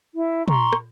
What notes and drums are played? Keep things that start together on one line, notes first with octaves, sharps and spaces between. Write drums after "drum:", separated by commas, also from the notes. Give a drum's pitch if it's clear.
E4
A#5 C6 C#6, drum: tom
drum: rim click